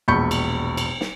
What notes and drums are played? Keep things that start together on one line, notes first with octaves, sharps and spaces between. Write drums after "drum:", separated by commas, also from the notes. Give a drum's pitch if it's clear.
E1 A#1 B5 C#6 G6 C#7
drum: cymbal
drum: cymbal
drum: snare